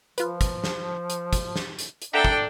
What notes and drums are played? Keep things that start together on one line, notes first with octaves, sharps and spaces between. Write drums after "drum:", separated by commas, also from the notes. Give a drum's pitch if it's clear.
F3 F4 B4, drum: hi-hat
drum: kick, hi-hat
drum: snare
drum: hi-hat
drum: kick, hi-hat
drum: snare
drum: hi-hat
drum: hi-hat
D4 A4 E5 F#5 G5 A#5
drum: kick